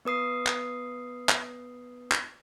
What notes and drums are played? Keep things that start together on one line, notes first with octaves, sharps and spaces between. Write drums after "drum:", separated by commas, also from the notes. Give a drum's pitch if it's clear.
B3 B4 D#6 C7
drum: clap
drum: clap
drum: clap